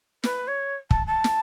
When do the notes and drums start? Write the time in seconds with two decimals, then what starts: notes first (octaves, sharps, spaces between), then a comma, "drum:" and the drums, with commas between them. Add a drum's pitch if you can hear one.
0.24 B4, drum: snare
0.48 C#5
0.91 A5, drum: kick
1.07 A5
1.24 drum: snare